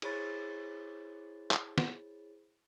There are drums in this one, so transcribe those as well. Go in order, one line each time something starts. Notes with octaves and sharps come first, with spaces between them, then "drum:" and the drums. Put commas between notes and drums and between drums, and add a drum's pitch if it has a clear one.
E4 G#4 C5 C#5 B5 A6, drum: cymbal
drum: clap
drum: snare